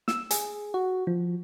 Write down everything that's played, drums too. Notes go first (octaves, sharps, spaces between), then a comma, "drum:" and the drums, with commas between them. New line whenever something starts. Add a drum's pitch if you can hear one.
E6, drum: snare
G#4, drum: hi-hat
F#4
F3